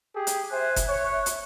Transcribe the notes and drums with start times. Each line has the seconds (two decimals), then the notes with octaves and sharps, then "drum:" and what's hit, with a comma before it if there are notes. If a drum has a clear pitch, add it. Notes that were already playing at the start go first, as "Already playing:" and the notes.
0.14 G4 G#4
0.27 drum: hi-hat
0.52 C5 E5 G#5 F#6
0.76 drum: kick F#1, hi-hat
0.87 C#5
1.26 drum: hi-hat